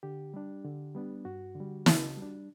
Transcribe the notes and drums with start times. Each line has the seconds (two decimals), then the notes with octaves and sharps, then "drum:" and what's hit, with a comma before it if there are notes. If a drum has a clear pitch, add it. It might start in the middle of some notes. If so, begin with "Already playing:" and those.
0.03 D3 G4
0.34 G3 D4
0.65 D3
0.95 G3 B3 D4
1.25 G2 F#4
1.55 D3
1.60 G3
1.86 C#3, drum: snare
2.17 G3
2.22 D4